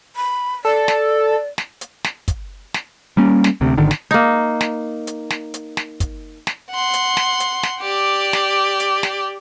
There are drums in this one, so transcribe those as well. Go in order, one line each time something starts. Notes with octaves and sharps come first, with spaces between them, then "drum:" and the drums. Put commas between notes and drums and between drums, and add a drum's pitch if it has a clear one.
B5
A4 D5
drum: snare
drum: snare
drum: hi-hat
drum: snare
drum: kick, hi-hat
drum: snare
G3 A#3 C#4
drum: snare
D2 C3
G#1 D3 D#3
drum: snare
A#3 D#4
drum: snare
drum: hi-hat
drum: snare
drum: hi-hat
drum: snare
drum: kick, hi-hat
drum: snare
F#5 C6
drum: hi-hat
drum: snare
drum: hi-hat
drum: snare
G4 D5
drum: snare
drum: hi-hat
drum: snare